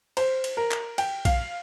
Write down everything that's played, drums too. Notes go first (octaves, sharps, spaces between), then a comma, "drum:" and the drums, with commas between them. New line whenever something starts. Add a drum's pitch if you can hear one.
C5, drum: cymbal
drum: cymbal
A#4
drum: clap
G5, drum: cymbal
F5, drum: kick A#1, cymbal